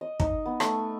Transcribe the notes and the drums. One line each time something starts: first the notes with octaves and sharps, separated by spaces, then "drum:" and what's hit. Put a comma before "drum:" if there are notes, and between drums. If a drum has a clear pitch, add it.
D#5
D#4, drum: kick
B3
A3, drum: rim click